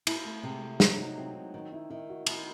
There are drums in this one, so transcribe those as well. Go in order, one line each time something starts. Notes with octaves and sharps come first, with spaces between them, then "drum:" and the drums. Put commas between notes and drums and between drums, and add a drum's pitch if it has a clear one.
E4, drum: cymbal
A3
C3 G#3
A3
F#3 C4, drum: snare
D#4
C4 E4
D#4
D#3 D#4
E4
D#3 E4
F#4
D#3 E4, drum: cymbal